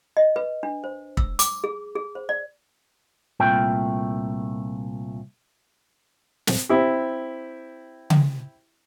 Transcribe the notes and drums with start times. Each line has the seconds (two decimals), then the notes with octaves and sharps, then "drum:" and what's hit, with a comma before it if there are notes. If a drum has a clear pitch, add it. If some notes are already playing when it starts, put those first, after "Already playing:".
0.17 D#5
0.36 B4
0.63 D4
0.84 C5
1.17 E6, drum: kick
1.39 D6, drum: hi-hat
1.64 G#4
1.96 G#4
2.15 C5
2.29 D5
3.40 C2 A#2 A3 G5
6.47 drum: snare
6.69 C4 E4 G4
8.10 drum: tom C#3